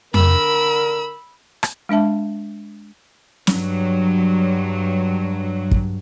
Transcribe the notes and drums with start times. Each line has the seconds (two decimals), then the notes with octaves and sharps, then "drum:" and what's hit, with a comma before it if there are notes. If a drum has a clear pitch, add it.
0.14 D3 A#4 B5 E6, drum: tom F2
1.63 drum: rim click
1.89 G#3 D4 E5 A5
3.47 G2 F#3, drum: snare
5.71 drum: kick